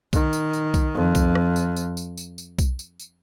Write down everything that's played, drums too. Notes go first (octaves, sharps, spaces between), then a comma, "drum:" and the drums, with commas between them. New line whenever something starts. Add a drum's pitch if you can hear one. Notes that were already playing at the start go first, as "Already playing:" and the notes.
D#3, drum: kick B1, tambourine
drum: tambourine
drum: tambourine
drum: kick B1, tambourine
F2
drum: kick B1, tambourine
drum: rim click
drum: tambourine
drum: tambourine
drum: tambourine
drum: tambourine
drum: tambourine
drum: kick B1, tambourine
drum: tambourine
drum: tambourine